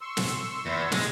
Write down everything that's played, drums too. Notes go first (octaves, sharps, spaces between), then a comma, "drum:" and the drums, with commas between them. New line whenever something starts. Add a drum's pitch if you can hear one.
C6 C#6 E6
drum: snare
E2
G#3, drum: snare